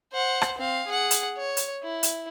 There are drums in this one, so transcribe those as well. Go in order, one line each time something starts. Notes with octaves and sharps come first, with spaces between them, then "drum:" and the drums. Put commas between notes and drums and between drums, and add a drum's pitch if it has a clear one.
C5 F#5
drum: rim click
C4 F5
G#4 F#5
drum: hi-hat
C#5
drum: hi-hat
E4
drum: hi-hat